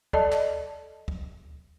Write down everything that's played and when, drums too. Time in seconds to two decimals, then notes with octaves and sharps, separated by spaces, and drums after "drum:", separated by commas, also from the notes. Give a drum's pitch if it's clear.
0.13 A4 D5 D#5 A5, drum: kick
0.32 drum: clap
1.08 drum: kick